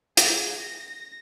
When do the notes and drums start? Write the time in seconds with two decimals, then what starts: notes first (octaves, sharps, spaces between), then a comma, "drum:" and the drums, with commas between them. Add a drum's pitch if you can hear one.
0.17 G#4, drum: hi-hat
0.58 A#6